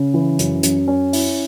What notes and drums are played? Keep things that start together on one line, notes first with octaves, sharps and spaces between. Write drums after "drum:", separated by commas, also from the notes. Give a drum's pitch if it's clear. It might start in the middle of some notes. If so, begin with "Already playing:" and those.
Already playing: C#3
E3
F#2, drum: hi-hat
F#2, drum: hi-hat
C#4
E4, drum: open hi-hat